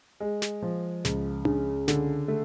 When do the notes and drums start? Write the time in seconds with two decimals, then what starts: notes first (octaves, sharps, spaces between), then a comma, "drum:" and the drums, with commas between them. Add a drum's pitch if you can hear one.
0.20 G#3
0.42 drum: snare
0.62 F3
1.05 C#2, drum: snare
1.45 C#3, drum: tom D4
1.88 D3, drum: snare
2.28 A3